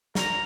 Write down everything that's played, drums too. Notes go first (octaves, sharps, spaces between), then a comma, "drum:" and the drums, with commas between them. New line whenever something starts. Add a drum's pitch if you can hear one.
A#4 A#5, drum: snare